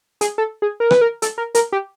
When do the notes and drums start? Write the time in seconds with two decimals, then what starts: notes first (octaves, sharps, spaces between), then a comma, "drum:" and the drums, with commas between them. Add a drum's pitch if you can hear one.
0.21 G#4, drum: hi-hat
0.38 A4
0.62 G#4
0.80 A#4
0.91 B4, drum: rim click
1.01 A#4
1.22 A4, drum: hi-hat
1.38 A#4
1.55 A#4, drum: hi-hat
1.72 G4